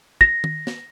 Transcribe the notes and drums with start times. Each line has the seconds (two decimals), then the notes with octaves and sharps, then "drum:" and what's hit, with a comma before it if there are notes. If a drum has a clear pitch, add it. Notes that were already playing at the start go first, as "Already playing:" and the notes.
0.21 A#6, drum: kick
0.44 drum: tom
0.67 drum: snare